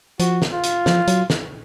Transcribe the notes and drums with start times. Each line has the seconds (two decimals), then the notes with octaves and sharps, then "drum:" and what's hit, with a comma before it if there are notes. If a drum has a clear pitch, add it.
0.20 F3 F#4, drum: hi-hat
0.42 drum: snare
0.53 F4
0.64 drum: hi-hat
0.86 F3, drum: snare
1.08 F#3, drum: hi-hat
1.30 drum: snare